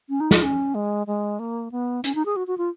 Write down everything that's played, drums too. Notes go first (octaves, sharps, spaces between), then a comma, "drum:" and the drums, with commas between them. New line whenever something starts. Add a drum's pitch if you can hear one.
C#4
D#4
F4, drum: snare
C#4
G#3
G#3
A#3
B3
C#4, drum: hi-hat
D#4
G#4
F#4
F#4
F4